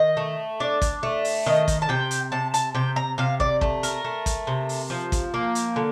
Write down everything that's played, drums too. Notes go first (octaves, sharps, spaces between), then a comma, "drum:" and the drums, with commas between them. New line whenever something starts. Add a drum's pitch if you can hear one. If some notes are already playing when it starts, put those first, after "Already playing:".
Already playing: D#3 D#5
A3
D4 D5
drum: kick, hi-hat
A3
drum: open hi-hat
D#3 D#5
drum: kick, hi-hat
A5
C3 G5
drum: hi-hat
C3 A5
A5, drum: hi-hat
C3 G5
A#5
C3 F5
D5, drum: kick
A3, drum: kick
A#4, drum: hi-hat
A3
drum: kick, hi-hat
C3
drum: open hi-hat
F3
drum: kick, hi-hat
A#3
drum: hi-hat
D3